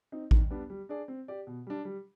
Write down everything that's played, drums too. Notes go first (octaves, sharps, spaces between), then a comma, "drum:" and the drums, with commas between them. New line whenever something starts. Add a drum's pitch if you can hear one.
C4 D#4
D#3, drum: kick A1
G3 B3 D4
G3
D4 G#4 D5
C4
G4 D5
B2
G3 D4
G3